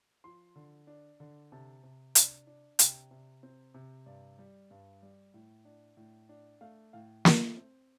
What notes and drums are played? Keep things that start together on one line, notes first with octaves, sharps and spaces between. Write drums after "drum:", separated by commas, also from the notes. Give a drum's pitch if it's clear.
F3 C6
D3
D4
D3
C3 A5
C3
D4, drum: hi-hat
D4
C3 G5, drum: hi-hat
C3
C4
C3
G2 D5
G3
G2
G3
A2
D4
A2
D4
A3 F5
A2 F5
A3, drum: snare
C4